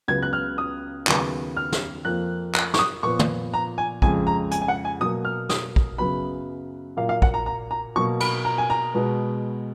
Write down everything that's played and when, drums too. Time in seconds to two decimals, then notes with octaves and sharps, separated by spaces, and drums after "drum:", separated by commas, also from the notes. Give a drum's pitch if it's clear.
0.08 C#2 C#3 F#3 B3 G#6
0.23 F#6
0.33 F6
0.58 D#6
1.07 D#2 C#3 F#3 B3, drum: clap
1.57 F6
1.72 drum: snare
2.05 F2 F3 A#3 F#6
2.55 F#6, drum: clap
2.74 C#6, drum: snare
2.79 D#6
3.03 A#2 F3 B3 C#6
3.19 drum: tom
3.54 A#5
3.78 G#5
4.02 F2 C#3 G#3 G#5, drum: kick
4.27 A#5
4.51 G#5, drum: hi-hat
4.62 G#5
4.68 F#5
4.85 G#5
5.00 B2 F#3 A#3 D#6
5.25 F6
5.49 D#6, drum: snare
5.76 drum: kick
5.98 F#2 C#3 F#3 B3 B5
6.97 A#2 F#3 A#3 F5
7.09 F5
7.22 F#5, drum: kick
7.34 A#5
7.46 A#5
7.71 A#5
7.96 B2 F#3 A#3 C#6
8.20 B5, drum: cymbal
8.45 A#5
8.58 G#5
8.70 A#5
8.94 B2 G#3 B3